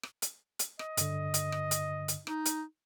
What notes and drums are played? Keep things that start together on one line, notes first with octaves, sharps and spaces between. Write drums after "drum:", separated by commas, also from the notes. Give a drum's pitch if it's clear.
drum: rim click
drum: hi-hat
drum: hi-hat
D#5, drum: rim click
G2 D3, drum: hi-hat
drum: hi-hat
drum: rim click
drum: hi-hat
drum: hi-hat
D#4, drum: rim click
drum: hi-hat